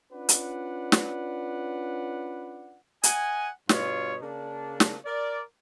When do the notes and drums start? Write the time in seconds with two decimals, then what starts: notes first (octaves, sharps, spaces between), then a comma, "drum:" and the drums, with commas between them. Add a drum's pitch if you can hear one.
0.13 C#4 D4 F4 B4 D5 F#5
0.29 drum: hi-hat
0.92 drum: snare
3.03 D#5 F#5 G#5, drum: hi-hat
3.69 G2 B2 F4 C#5, drum: snare
4.22 C#3 A#3 D4
4.80 drum: snare
5.05 A#4 D5